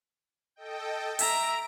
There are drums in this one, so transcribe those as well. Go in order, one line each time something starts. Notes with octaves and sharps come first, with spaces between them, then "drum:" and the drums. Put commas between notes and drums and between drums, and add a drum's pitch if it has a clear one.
A4 D#5 G5
E5 A#5 D7, drum: open hi-hat